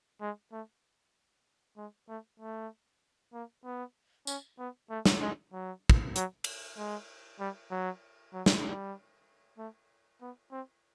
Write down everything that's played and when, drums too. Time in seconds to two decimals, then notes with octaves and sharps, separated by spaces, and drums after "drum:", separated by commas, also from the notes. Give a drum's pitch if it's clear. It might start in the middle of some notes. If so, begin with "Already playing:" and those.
0.21 G#3
0.52 A3
1.77 G#3
2.09 A3
2.40 A3
3.34 A#3
3.65 B3
4.27 C#4, drum: tambourine
4.59 B3
4.90 A3
5.06 drum: snare
5.21 G#3
5.53 F#3
5.90 drum: kick
6.16 F#3, drum: hi-hat
6.44 drum: cymbal
6.78 G#3
7.40 G3
7.71 F#3
8.33 F#3
8.46 drum: snare
8.66 G3
9.58 A3
10.22 B3
10.52 C4